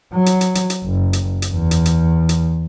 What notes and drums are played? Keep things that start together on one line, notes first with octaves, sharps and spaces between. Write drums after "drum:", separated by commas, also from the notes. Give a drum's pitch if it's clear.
F#3
drum: hi-hat
drum: hi-hat
drum: hi-hat
drum: hi-hat
F#1
drum: hi-hat
drum: hi-hat
E2
drum: hi-hat
drum: hi-hat
drum: hi-hat